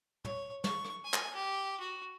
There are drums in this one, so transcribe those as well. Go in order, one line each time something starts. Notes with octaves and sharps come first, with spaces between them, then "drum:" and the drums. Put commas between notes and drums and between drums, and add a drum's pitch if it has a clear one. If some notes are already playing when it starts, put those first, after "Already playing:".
C#5, drum: tom
C#6, drum: snare
drum: rim click
G#5
drum: clap
G4
F#4